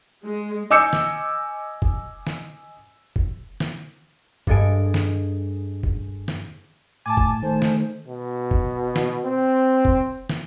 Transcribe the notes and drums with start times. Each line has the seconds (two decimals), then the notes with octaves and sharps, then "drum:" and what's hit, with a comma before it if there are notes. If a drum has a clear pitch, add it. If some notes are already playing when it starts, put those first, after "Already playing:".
0.24 G#3
0.70 D#5 G#5 D6 E6 G6 C#7
0.93 drum: snare
1.82 drum: kick F1
2.27 drum: snare
3.16 drum: kick F1
3.60 drum: snare
4.47 G2 G#3 A4 D#5 G#5 D7, drum: kick F1
4.94 drum: snare
5.83 drum: kick F1
6.28 drum: snare
7.06 A2 G#5 A5 D6
7.17 drum: kick F1
7.43 D#3 A3 C5
7.62 drum: snare
8.08 B2
8.51 drum: kick F1
8.96 drum: snare
9.25 C4
9.85 drum: kick F1
10.29 drum: snare